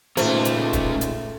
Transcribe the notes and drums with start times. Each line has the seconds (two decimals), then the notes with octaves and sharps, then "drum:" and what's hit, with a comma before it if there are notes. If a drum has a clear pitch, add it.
0.17 A#2 A3 C#4 D#4 F4 G#4 C5, drum: hi-hat
0.45 drum: hi-hat
0.73 drum: kick, hi-hat
1.01 drum: hi-hat